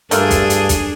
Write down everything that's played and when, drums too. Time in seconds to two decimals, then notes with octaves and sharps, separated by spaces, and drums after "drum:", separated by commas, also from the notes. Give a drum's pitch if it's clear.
0.11 G2 A3 A#3 D4 F4 G#4 A4, drum: hi-hat
0.30 drum: kick, hi-hat
0.50 drum: hi-hat
0.69 drum: kick, hi-hat